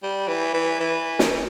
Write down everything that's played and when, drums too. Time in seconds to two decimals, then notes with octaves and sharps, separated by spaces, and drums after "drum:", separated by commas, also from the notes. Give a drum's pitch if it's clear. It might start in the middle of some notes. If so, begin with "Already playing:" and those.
0.03 G3
0.28 E3
0.54 E3
0.80 E3
1.19 D#3, drum: snare
1.31 E3